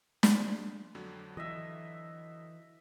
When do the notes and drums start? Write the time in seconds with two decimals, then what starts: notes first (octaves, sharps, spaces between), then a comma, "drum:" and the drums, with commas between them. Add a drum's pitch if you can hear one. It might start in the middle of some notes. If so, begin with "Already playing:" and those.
0.23 F3 G#3 C6, drum: snare
0.95 F2 D3 F#3
1.37 E3 D#5 E5